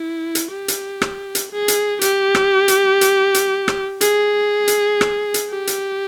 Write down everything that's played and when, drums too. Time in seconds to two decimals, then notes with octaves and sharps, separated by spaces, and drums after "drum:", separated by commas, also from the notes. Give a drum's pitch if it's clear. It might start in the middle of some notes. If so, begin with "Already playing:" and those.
Already playing: E4
0.35 drum: hi-hat
0.51 G4
0.68 drum: hi-hat
1.02 drum: rim click
1.35 drum: hi-hat
1.52 G#4
1.68 drum: hi-hat
2.01 G4, drum: hi-hat
2.35 drum: rim click
2.68 drum: hi-hat
3.01 drum: hi-hat
3.34 drum: hi-hat
3.68 drum: rim click
4.01 G#4, drum: hi-hat
4.68 drum: hi-hat
5.01 drum: rim click
5.34 drum: hi-hat
5.51 G4
5.67 drum: hi-hat